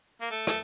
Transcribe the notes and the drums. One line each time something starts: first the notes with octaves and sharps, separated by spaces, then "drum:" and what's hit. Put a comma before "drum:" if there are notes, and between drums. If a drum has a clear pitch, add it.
A#3
A3
A3, drum: rim click